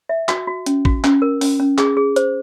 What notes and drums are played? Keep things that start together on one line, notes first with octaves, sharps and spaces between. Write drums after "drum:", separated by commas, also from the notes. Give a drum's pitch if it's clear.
E5
F#4, drum: clap
F#4
C#4, drum: hi-hat
F#4, drum: kick
C#4, drum: clap
A#4
C#4, drum: open hi-hat
C#4
G#4, drum: clap
G#4
C5, drum: hi-hat